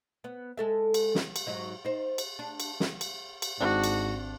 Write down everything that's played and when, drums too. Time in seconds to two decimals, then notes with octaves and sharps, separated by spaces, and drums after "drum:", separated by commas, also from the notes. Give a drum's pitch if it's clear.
0.24 B3
0.57 G#3 A4 E5
0.94 drum: cymbal
1.15 drum: snare
1.36 drum: cymbal
1.47 G#2 F#3 D#4
1.85 D#4 C5
2.18 drum: cymbal
2.39 D4
2.60 drum: cymbal
2.80 drum: snare
3.01 drum: cymbal
3.42 drum: cymbal
3.61 G#1 G#2 C4 D4 F#4
3.84 drum: cymbal